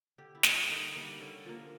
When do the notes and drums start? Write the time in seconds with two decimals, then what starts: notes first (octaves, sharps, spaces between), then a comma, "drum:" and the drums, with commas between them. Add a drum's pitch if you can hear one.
0.18 D3 G4
0.35 E4
0.43 G3 A#3, drum: snare
0.52 E4
0.69 D3 D#4
0.94 G3 A#3
1.20 D3 C#4
1.45 F3 A#3